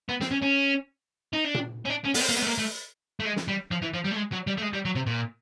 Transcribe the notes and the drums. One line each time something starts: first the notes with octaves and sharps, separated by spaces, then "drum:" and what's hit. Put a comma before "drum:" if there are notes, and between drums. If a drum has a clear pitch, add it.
B3
C4, drum: snare
C#4
C#4
D#4
D4
drum: tom A#2
C#4
D4
C#4
B3, drum: open hi-hat
C4
A#3
B3
A3
A#3
A3
A3
G#3
drum: snare
G3
F3
E3
F3
G3
A3
G#3
F#3
G3
A3
G#3
G3
F#3
C3
A#2